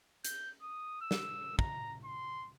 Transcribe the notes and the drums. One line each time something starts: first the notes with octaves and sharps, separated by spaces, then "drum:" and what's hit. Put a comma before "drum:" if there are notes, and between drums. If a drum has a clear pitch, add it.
G6, drum: hi-hat
D#6
E6
drum: snare
A#5, drum: kick
C6